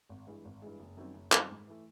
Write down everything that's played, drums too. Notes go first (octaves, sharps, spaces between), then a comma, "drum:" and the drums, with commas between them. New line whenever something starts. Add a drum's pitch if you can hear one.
G#1
G2 E3 G#3
G#1
G2 E3 G#3
F#1
F#2 D#3 G3 C4
F#1
F#2 D#3 G3 C4, drum: clap
G#2
E3 A3